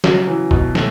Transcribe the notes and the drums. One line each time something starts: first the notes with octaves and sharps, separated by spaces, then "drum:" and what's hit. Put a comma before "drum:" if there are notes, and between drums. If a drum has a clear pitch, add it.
C#3 F#3, drum: snare
E3
B2, drum: kick
A3, drum: snare